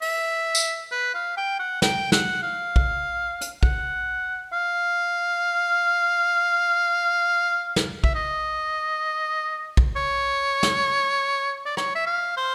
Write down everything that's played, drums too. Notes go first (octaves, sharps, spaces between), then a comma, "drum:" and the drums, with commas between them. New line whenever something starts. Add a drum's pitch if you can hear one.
E5, drum: open hi-hat
drum: tambourine
B4
F5
G5
F#5
G5, drum: snare
F#5, drum: snare
F5
drum: kick
drum: hi-hat
F#5, drum: kick
F5
drum: snare
E5, drum: kick
D#5
drum: kick
C#5
drum: snare
D5
C#5, drum: rim click
E5
F5
C5